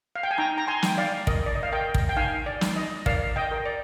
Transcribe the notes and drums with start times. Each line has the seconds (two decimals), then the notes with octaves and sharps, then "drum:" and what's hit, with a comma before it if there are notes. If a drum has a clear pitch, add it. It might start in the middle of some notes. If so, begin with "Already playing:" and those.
0.15 F5
0.23 G5
0.31 G#5
0.38 D#4 G5 A#5
0.58 A#5
0.67 G#5 C6
0.82 D#4 G5, drum: snare
0.98 D5 F5
1.27 A#4 D#5, drum: kick
1.46 D5
1.55 D#5
1.63 F5
1.72 A#4 D#5 G5
1.94 drum: kick
2.09 G5
2.17 D#4 F5 G#5
2.46 D5
2.61 D#4, drum: snare
2.76 D#5
3.06 A#4 D5 F5, drum: kick
3.36 D#5 G5
3.51 A#4
3.66 D5